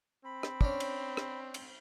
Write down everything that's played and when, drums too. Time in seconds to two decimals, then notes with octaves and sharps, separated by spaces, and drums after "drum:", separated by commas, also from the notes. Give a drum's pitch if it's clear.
0.25 C4 B5
0.43 drum: rim click
0.61 C#4 D4, drum: kick
0.80 drum: cymbal
1.17 drum: rim click
1.54 drum: cymbal